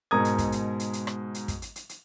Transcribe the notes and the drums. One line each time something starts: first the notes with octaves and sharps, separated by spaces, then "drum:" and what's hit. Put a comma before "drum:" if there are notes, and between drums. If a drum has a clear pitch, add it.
G#2 B2 A#4 A#5 D#6 G#6
drum: hi-hat
drum: kick, hi-hat
drum: hi-hat
drum: hi-hat
drum: hi-hat
drum: rim click
drum: hi-hat
drum: kick, hi-hat
drum: hi-hat
drum: hi-hat
drum: hi-hat